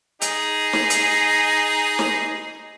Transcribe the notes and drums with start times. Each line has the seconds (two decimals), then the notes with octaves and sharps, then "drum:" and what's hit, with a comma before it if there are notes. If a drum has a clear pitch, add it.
0.22 D#4 G#4, drum: hi-hat
0.73 drum: snare
0.90 drum: hi-hat
1.99 drum: snare